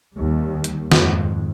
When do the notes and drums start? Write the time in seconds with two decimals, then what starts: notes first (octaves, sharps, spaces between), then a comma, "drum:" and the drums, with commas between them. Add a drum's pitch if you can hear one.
0.16 D#2 G3
0.64 drum: hi-hat
0.92 F2 G#2 D#3, drum: snare